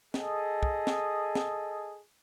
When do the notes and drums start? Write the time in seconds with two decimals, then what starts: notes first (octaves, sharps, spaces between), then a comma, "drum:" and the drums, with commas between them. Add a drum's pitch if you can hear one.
0.14 G#4 A4 D#5, drum: snare
0.63 drum: kick
0.87 drum: snare
1.35 drum: snare